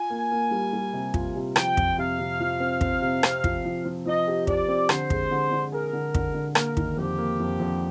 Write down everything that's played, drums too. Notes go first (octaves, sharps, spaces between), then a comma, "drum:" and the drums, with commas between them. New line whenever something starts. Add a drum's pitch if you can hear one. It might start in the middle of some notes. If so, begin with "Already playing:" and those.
Already playing: F4 G#5
A#3
A#3
G3
G3
C3
F4, drum: kick
C3
F3 G5, drum: rim click
F2, drum: kick
C3 F5
C3
F3
C4
C4, drum: kick
C3
C4, drum: rim click
F3, drum: kick
F3
F3
F3 D#5
G4
G4 D5, drum: kick
C4
D3 C5, drum: rim click
G#3, drum: kick
D3
D3
G#4 A#4
D3
D3, drum: kick
D3
A#3 A#4, drum: rim click
D#3, drum: kick
F2 G4
A#3
F2
F2